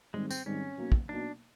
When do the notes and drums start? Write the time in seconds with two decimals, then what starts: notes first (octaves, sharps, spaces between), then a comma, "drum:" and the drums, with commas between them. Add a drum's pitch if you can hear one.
0.14 G#2 D#3 G3 G#3 C4
0.31 C4, drum: tambourine
0.46 G#2 D#3 G3 C4 C#4
0.78 B2 F#3 A#3 D#4
0.92 drum: kick
1.09 B2 F#3 A#3 D4 D#4